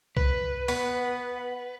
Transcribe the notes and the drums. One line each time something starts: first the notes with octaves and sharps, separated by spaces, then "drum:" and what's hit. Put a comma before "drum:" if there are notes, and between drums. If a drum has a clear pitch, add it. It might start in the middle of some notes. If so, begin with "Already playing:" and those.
B4, drum: kick C2
B3, drum: open hi-hat